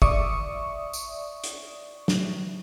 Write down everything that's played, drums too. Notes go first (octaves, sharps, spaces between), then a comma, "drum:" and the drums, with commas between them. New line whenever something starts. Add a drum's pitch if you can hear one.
D5 E5 C#6 D#6, drum: kick
drum: tambourine
drum: hi-hat
drum: snare